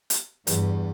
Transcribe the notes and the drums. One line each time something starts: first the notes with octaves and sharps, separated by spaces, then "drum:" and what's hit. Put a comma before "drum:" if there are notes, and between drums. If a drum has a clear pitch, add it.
drum: hi-hat
E2 G2, drum: hi-hat